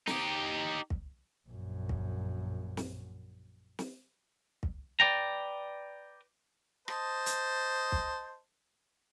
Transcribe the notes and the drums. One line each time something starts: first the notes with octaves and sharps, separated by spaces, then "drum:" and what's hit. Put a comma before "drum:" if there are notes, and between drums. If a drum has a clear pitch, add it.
D#4 G4, drum: snare
drum: kick
A#1 F#2
drum: kick
drum: snare
drum: snare
drum: kick
B4 D5 G5 A#5
C5 D#5 A5, drum: rim click
drum: hi-hat
drum: kick